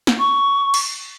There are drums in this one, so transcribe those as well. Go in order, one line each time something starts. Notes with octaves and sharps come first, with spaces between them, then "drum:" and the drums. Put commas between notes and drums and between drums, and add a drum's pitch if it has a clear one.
drum: snare
C#6
drum: cymbal